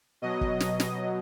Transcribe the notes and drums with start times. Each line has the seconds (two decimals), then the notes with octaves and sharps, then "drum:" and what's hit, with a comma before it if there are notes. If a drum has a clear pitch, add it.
0.22 B2 F#3 D#5
0.41 drum: kick
0.60 drum: snare
0.80 D#5, drum: snare